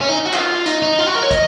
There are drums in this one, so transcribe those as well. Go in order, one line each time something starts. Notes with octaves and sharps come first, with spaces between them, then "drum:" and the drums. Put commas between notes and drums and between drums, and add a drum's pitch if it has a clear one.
C#4
D#4
F#4
F4, drum: clap
D#4, drum: hi-hat
D#4
F4
F#4
A#4
C#5
D#5, drum: kick, hi-hat